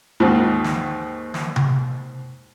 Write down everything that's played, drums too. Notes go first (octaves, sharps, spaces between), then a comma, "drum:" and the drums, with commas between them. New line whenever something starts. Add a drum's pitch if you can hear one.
D#2 G#2 D#3
drum: snare
drum: snare
drum: tom C3